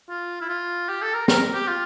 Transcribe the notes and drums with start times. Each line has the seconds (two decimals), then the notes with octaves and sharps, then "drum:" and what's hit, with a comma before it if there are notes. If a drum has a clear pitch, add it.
0.10 F4
0.41 E4
0.49 F4
0.89 G4
1.02 A4
1.14 A#4
1.28 A#4, drum: snare
1.54 G4
1.68 F4